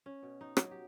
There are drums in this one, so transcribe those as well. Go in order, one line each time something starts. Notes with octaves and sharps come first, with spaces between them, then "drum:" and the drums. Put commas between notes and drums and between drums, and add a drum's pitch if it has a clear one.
C#4
B2
D#4
F#3, drum: rim click
G4